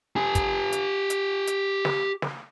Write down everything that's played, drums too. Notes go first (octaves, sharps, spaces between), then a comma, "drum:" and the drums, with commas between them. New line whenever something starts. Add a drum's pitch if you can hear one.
G4 G#5
drum: kick, hi-hat
drum: hi-hat
drum: hi-hat
drum: hi-hat
drum: snare
drum: snare